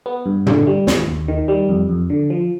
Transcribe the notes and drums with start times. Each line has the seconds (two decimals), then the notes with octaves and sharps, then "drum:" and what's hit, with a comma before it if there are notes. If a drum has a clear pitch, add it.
0.06 B3
0.26 G2
0.46 D3, drum: tom
0.67 G3
0.87 D#2, drum: snare
1.07 D#2
1.28 D#3
1.48 G3
1.69 F2
1.89 F2
2.10 D3
2.30 F3